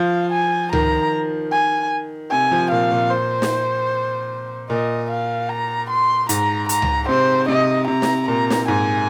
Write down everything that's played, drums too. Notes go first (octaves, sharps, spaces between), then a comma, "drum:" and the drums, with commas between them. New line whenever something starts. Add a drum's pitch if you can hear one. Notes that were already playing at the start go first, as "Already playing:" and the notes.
Already playing: F3 F5
G#5
D#3 A#5, drum: tom C#2
G#5
C3 G#5
F3
A#2 F5
A#2
C5
drum: snare
A#2 D#5
F5
A#5
C6
G#2 A#5, drum: hi-hat
A#5, drum: hi-hat
drum: tom C#2
C3 C5
C3 D#5
C3 A#5
drum: snare
A#2 A#5
drum: snare
G#2 G#5